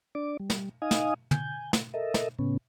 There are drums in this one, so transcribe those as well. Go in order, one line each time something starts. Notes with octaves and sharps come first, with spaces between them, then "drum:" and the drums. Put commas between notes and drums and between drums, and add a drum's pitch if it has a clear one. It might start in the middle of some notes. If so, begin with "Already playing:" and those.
D4 D5 D6
G3
drum: snare
D#4 D#5 F5 G#5 D#6
drum: snare
G#5 G6, drum: tom
drum: snare
A4 A#4 D#5 E5
drum: snare
A2 C#3 B3 C#4